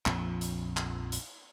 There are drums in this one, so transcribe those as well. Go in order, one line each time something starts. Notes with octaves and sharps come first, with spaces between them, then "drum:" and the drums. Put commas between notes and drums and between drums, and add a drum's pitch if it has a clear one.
A#1 F2 F3, drum: clap
drum: hi-hat
drum: clap
drum: hi-hat